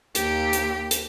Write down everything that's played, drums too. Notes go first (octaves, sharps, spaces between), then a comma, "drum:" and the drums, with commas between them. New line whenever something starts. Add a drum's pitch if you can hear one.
D#2 G4, drum: hi-hat
drum: hi-hat
drum: hi-hat